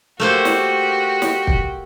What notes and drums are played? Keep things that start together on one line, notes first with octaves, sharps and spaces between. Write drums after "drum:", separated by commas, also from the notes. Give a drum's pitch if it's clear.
A3 A#3 F#4 G4 C5
drum: snare
drum: snare
drum: kick